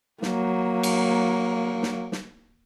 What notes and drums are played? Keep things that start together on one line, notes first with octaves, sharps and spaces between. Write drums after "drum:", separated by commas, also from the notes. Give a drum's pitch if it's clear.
F#3 A#3, drum: snare
drum: cymbal
drum: snare
drum: snare